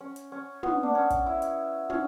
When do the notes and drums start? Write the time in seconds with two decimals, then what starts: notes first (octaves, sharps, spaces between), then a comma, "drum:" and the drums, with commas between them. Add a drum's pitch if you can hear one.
0.01 C#4
0.16 drum: hi-hat
0.32 C#4
0.63 B3, drum: tom
0.83 D4
0.95 C#4
1.10 drum: kick, hi-hat
1.26 E4
1.42 drum: hi-hat
1.90 C#4, drum: tom